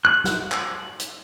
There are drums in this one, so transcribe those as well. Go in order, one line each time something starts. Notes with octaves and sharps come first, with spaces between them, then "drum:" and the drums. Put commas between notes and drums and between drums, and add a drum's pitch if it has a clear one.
F#6
drum: snare
drum: clap
drum: hi-hat